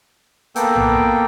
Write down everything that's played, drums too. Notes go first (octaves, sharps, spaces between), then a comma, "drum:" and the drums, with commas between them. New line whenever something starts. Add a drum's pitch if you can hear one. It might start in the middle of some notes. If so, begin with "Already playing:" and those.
A#3 B3 A4 G5, drum: hi-hat
drum: tom B1